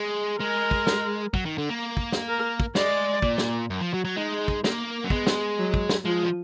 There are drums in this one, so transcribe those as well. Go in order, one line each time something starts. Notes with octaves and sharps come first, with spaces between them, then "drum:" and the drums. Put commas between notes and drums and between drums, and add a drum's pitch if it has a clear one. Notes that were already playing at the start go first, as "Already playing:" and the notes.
Already playing: G#3
G#3 A#4
drum: kick
drum: snare
F#3, drum: kick
D#3
D3
A#3
drum: kick
drum: snare
A#4
drum: kick
G#3 D5, drum: snare
A#2, drum: kick
drum: snare
F#2
F3
F#3
F#3
G#3 D#4
drum: kick
A#3, drum: snare
F#3
G#3 B3, drum: kick
drum: snare
F#3
drum: kick
drum: snare
F3 G#3
F3